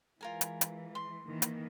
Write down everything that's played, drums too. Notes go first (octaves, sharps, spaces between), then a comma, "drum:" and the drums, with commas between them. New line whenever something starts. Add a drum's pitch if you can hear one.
E3 G#3 F4 A#4 G#5
drum: hi-hat
drum: hi-hat
C6
D#3 E3 A#3
drum: hi-hat